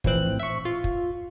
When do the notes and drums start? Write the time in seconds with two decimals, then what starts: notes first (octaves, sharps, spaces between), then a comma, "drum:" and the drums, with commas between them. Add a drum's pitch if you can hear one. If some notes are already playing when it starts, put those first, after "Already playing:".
0.04 A#1 A2 E3 C4 F#6, drum: kick
0.39 E5 C#6
0.65 F4
0.84 drum: kick